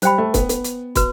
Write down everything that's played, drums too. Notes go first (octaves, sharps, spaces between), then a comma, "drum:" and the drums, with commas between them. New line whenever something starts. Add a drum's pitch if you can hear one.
G3 C5 G5 B5, drum: hi-hat
A3
B3, drum: kick, hi-hat
B3, drum: hi-hat
drum: hi-hat
F#4 B4, drum: kick, hi-hat